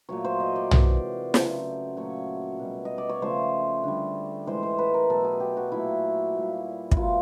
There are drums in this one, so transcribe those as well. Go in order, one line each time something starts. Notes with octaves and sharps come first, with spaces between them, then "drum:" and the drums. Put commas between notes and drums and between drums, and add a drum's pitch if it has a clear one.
A#2 F#3 A3 C#5
C5
D#5
D5
C3 E3 G#3, drum: tom
C#3 F#3 A3, drum: snare
A#2 F#3 A3 C#5
B2 G3
D#5
D5
C#5
C#3 F3 A3 C5
D3 G3
A2 E3 G#3 C5
C5
B4
A#4
B2 F#3 A3 A4
G#4
G4
F#4
A#2 F#3 A3 E4
A#2 G3
E4, drum: kick
B2 F#3 A3 F4